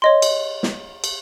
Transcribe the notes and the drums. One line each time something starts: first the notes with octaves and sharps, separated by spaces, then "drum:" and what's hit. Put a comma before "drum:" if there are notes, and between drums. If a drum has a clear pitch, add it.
C#5 D#5 C6
drum: cymbal
drum: snare
drum: cymbal